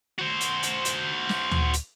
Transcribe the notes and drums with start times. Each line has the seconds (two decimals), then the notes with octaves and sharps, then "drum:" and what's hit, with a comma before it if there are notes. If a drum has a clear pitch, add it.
0.18 F#4 C5
0.41 drum: hi-hat
0.63 drum: hi-hat
0.85 drum: hi-hat
1.29 drum: snare
1.51 drum: tom
1.74 drum: hi-hat